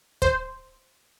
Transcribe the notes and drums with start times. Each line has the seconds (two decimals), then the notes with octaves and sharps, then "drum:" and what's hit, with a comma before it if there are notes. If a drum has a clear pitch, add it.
0.22 C5, drum: kick